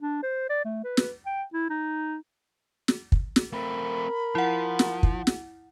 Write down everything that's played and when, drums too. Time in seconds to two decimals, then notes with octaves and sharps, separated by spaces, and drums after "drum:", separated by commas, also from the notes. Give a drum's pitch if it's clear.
0.02 D4
0.23 C5
0.49 D5
0.65 A3
0.84 B4
0.97 drum: snare
1.26 G5
1.53 E4
1.70 D#4
2.88 drum: snare
3.12 drum: kick
3.36 drum: snare
3.53 A3 C4 A#4 B5
4.35 F3 E4 F#5
4.79 drum: snare
5.03 drum: kick
5.27 drum: snare